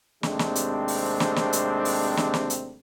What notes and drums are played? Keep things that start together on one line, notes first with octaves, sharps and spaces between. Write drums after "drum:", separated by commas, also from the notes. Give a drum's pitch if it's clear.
D#2 C3 G#3 A3 C4 D4, drum: snare
drum: snare
drum: hi-hat
drum: open hi-hat
drum: snare
drum: snare
drum: hi-hat
drum: open hi-hat
drum: snare
drum: snare
drum: hi-hat